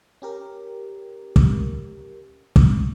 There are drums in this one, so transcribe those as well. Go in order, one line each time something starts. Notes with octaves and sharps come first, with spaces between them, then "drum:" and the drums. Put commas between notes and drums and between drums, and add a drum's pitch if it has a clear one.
C#4 G4 A#4
drum: kick
drum: kick